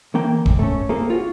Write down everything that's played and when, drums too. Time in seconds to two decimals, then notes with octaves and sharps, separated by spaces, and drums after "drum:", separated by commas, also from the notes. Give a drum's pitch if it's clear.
0.14 D3 E3 A#3 G5
0.46 D#2 G#2, drum: kick
0.59 A3 C#4
0.89 A#3 C4 G#4 A4
1.10 F4 F#4